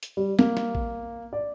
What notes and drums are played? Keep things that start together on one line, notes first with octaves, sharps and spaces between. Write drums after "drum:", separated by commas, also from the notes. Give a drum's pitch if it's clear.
drum: hi-hat
G3
A#3, drum: snare
drum: snare
drum: kick A1
D5